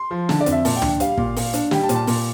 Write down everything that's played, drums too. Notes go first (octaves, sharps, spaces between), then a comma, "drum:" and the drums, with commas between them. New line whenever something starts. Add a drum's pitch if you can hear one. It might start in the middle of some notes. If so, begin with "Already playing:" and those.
Already playing: C6
F3
D3 A5, drum: snare
D5
F2, drum: hi-hat
E5
A#2 A5, drum: open hi-hat
G5
D4, drum: tom
G3 F5, drum: hi-hat
A#2, drum: kick
A#2, drum: open hi-hat
D4, drum: hi-hat
G3 G5, drum: snare
A5
A#2, drum: hi-hat
A5
A#2, drum: open hi-hat